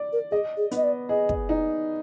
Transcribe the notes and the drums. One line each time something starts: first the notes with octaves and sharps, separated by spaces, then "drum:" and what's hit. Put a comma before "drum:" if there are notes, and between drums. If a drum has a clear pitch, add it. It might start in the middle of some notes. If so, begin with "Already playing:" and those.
Already playing: D5
A#4
G#4 D#5
G#4
B3, drum: hi-hat
D#5
D5
G#4 D#5
drum: kick
D#4